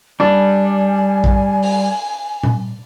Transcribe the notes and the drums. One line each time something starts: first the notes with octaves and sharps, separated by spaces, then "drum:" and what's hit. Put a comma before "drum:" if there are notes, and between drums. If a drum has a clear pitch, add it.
G3 D4 G#5
drum: kick A#1
drum: open hi-hat
drum: tom A#2